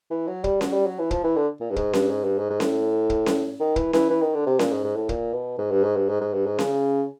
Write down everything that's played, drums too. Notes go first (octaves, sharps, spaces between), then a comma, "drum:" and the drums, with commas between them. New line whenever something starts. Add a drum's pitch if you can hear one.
E3
F#3
G3, drum: kick
F#3, drum: snare C#4
G3
F#3
E3
F3, drum: kick
E3
D3
A#2
G2
G#2, drum: kick
G2, drum: snare C#4
G#2
G2
G#2
G#2
A2, drum: snare C#4
drum: kick
drum: snare C#4
D#3
E3, drum: kick
E3, drum: snare C#4
E3
D#3
D3
C3
A#2, drum: snare C#4
G#2
G#2
A2
A#2, drum: kick
B2
G#2
G2
G#2
G2
G#2
G#2
G2
G#2
C#3, drum: snare C#4